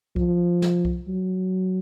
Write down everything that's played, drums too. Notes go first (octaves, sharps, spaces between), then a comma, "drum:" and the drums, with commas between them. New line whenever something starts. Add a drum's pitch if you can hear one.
F3, drum: kick C2
drum: snare
drum: kick C2
F#3